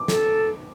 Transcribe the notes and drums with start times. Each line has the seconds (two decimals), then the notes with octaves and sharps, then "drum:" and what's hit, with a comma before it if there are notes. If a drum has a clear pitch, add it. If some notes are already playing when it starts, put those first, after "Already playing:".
Already playing: D6
0.08 A4, drum: snare